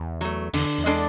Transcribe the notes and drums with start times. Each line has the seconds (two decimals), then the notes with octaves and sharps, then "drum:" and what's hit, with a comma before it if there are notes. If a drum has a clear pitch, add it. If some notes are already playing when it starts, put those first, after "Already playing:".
Already playing: E2
0.21 F#3 A3
0.53 E2 D3, drum: cymbal
0.78 E2
0.86 G#3 D4 A4 D5